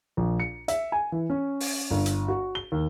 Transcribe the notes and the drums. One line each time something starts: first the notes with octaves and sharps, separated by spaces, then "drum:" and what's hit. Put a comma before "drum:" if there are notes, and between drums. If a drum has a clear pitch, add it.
A#1
C#7
E5, drum: hi-hat
G#5
E3
C#4
drum: open hi-hat
G1
drum: hi-hat
F#4
G7
D#2